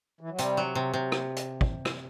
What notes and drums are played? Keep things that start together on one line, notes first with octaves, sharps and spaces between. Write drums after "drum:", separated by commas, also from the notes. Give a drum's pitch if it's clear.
E3
F#3
C3 G3, drum: hi-hat
F#3
C3
C3
drum: rim click
drum: hi-hat
drum: kick
drum: rim click